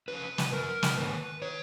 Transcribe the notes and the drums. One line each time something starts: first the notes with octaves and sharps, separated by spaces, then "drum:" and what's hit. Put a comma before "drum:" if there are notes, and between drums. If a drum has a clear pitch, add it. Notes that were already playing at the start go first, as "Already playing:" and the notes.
F2 C#3 B4
drum: snare
F#2 D#3 A#4
drum: snare
G#2 D#3 B4
D#3 C#5